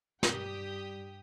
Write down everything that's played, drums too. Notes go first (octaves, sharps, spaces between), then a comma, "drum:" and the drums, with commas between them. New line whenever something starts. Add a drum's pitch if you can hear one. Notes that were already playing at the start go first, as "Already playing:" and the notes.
G2 G3 G4 G5 D#6, drum: snare